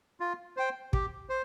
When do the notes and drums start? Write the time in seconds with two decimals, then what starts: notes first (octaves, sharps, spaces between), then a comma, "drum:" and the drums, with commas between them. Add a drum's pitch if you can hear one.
0.20 F4
0.57 C5 G5
0.93 G4, drum: kick
1.29 C5